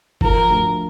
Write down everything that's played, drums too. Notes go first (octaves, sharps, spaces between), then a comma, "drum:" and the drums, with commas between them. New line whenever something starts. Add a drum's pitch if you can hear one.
F3 A#4, drum: kick
D2